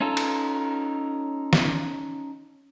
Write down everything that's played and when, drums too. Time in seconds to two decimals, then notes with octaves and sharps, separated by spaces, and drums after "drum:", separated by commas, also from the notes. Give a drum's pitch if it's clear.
0.01 C#4 D#4 F4 A4
0.17 drum: cymbal
1.53 drum: snare